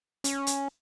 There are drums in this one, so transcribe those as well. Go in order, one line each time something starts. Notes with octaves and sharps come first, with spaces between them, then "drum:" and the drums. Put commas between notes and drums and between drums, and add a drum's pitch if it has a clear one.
C#4, drum: hi-hat
drum: hi-hat